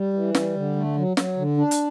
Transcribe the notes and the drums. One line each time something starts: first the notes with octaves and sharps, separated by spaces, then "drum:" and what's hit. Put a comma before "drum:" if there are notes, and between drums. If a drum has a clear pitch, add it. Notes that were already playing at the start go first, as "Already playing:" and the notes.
Already playing: G3
E3
G3, drum: snare
D3
A3
F#3
F#3, drum: snare
D3
D4
drum: hi-hat